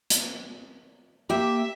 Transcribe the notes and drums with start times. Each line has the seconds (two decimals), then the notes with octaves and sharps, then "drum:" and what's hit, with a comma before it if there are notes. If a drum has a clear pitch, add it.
0.10 drum: hi-hat
1.30 A#3 G4 E5 G5